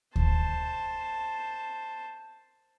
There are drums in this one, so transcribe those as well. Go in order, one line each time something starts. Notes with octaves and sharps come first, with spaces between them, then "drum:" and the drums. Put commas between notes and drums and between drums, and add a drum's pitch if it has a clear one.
C5 A5, drum: kick D2